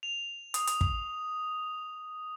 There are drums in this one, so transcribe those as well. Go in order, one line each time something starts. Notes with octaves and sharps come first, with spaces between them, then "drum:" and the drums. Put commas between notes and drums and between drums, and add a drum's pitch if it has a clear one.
F7
D#6, drum: hi-hat
drum: hi-hat
drum: kick